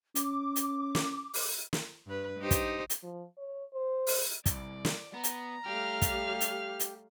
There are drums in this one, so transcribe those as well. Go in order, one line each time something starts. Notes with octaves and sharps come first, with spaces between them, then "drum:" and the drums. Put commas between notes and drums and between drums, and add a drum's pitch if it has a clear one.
C#4 D6, drum: hi-hat
drum: hi-hat
drum: snare
drum: open hi-hat
drum: snare
G2 B4
D#4 G4 C5
drum: kick, hi-hat
drum: hi-hat
F3
C#5
C5
drum: open hi-hat
C2 D5, drum: kick, hi-hat
drum: snare
B3 A#5
drum: hi-hat
G3 A3 G4 F5 F6
drum: kick, hi-hat
drum: hi-hat
drum: hi-hat